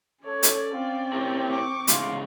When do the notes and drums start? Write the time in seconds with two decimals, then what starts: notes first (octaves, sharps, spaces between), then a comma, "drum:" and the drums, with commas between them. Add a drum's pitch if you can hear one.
0.25 C#4 A4 C#5 D5
0.43 drum: hi-hat
0.71 C4 F4
1.13 E4 G4 A#4 C#5
1.50 C#6 D6
1.87 E2 G#2 C#3 F5 C6, drum: hi-hat